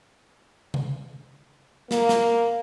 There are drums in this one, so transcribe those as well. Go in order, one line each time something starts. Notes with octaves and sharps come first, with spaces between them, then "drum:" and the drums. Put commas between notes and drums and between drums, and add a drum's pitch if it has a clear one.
drum: tom C3
A#3, drum: snare
drum: snare